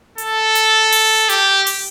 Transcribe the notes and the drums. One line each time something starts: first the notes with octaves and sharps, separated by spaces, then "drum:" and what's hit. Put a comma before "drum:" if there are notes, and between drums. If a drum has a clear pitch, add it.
A4, drum: hi-hat
drum: hi-hat
drum: open hi-hat
G4, drum: hi-hat
drum: open hi-hat